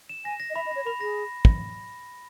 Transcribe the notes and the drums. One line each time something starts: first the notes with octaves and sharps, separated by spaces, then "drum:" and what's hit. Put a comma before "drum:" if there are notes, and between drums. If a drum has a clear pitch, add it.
E7
G#5 A#6
A#6
D#5
E5 B5
D#5
C#5 A#6
A#4 B5
G#4 A#6
drum: kick